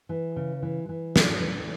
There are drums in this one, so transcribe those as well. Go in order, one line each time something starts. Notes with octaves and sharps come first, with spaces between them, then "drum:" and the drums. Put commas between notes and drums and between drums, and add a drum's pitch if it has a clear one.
E3
C#3
E3
E3
A3, drum: snare
E3